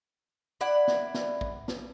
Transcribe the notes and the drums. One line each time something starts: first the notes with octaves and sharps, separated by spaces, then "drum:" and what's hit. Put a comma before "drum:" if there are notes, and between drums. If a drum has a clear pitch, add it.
E4 D5 F#5
drum: snare
drum: snare
drum: kick
drum: snare